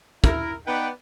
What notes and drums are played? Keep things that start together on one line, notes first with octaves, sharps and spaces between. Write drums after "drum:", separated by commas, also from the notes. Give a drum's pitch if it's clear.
E4 A#4, drum: kick, hi-hat
B3 D#4 B4 D5 F#5 G5